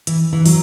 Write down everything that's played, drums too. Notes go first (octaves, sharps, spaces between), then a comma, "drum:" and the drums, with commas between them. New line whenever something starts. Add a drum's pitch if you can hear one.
E3, drum: hi-hat
E3
F#3, drum: open hi-hat